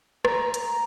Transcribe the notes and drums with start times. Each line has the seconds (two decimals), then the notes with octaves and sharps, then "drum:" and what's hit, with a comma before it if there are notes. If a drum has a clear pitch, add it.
0.25 A#5, drum: rim click
0.54 drum: hi-hat